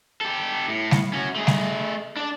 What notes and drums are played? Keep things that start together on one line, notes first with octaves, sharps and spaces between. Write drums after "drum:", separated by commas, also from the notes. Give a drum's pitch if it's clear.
G4 A4
A2
drum: snare G3
C#4 F#4
A3 G#4
drum: snare G3
D4 D5